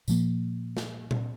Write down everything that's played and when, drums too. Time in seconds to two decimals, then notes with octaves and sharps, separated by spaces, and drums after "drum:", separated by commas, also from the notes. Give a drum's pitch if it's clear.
0.08 A#2 F3 A#3, drum: tambourine
0.77 drum: snare
1.11 drum: tom A#2